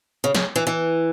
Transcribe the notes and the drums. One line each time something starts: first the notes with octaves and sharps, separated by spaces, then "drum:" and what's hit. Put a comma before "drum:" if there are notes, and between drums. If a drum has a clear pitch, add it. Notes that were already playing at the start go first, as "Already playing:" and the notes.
C#3
C#3, drum: snare
E3
E3